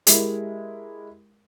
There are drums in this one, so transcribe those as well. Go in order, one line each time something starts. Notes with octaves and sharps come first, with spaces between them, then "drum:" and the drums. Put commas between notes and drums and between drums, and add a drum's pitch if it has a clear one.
G#3 E4 G4 A#4, drum: hi-hat